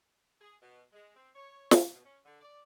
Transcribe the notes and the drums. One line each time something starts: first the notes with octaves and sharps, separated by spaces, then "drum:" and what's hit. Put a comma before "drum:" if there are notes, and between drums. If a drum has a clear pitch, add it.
G#4
B2
G#3
C4
C#5
E2, drum: snare
B2
C#4
D3
D5